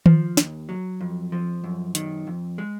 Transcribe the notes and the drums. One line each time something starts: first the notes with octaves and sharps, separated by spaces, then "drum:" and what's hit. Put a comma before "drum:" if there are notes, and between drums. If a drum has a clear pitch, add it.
F3, drum: tom D#3
D#2, drum: snare
F#3
F2
F3
F#2
D#3, drum: hi-hat
F2
G#3